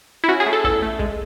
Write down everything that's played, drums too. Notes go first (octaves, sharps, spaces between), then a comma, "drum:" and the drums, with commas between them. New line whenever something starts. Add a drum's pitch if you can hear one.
E4
C#4 F#4
G#4
A3
A4
E2 A4, drum: kick
A3
G#3, drum: kick